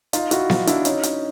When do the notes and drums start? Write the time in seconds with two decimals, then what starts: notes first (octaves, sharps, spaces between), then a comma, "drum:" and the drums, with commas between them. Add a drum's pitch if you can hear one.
0.13 D#4 F4, drum: hi-hat
0.31 E4 F#4, drum: hi-hat
0.50 D#4 F4, drum: snare B3
0.67 D4 E4, drum: hi-hat
0.85 C#4 D#4, drum: hi-hat
1.03 drum: hi-hat